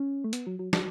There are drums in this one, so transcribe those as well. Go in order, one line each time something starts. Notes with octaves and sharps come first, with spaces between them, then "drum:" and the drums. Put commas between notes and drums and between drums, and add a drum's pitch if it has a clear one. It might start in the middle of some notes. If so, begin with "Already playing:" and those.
Already playing: C#4
A3
B3, drum: hi-hat
F#3
F#3
F#3, drum: snare